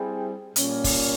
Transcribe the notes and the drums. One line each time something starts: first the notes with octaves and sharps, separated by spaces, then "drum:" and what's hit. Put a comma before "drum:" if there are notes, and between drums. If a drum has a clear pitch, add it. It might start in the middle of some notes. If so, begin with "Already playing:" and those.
Already playing: G3 C4 E4 G#4
A#2 G3 A#3 C#4, drum: hi-hat
drum: kick, open hi-hat